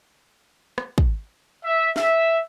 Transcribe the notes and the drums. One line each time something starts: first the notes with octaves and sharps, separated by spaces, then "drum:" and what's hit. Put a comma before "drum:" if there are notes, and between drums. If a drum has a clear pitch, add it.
drum: rim click
drum: kick
E5
E5, drum: snare